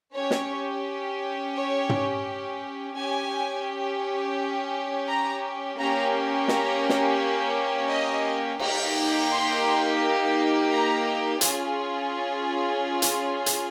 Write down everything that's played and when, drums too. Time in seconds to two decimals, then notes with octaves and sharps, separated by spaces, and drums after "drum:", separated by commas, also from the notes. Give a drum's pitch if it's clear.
0.15 C#4 G4 C#5
0.31 drum: snare
1.56 C#5
1.89 drum: tom
2.96 C#4 G4 G#5
5.07 A#5
5.78 A#3 C#4 G4 A#5
6.48 A#5, drum: snare
6.89 drum: snare
7.90 D#5
8.59 A#3 D#4 G4, drum: cymbal
9.30 C6
10.70 A#5
11.41 C#4 F4 G#4, drum: hi-hat
13.02 drum: hi-hat
13.46 drum: hi-hat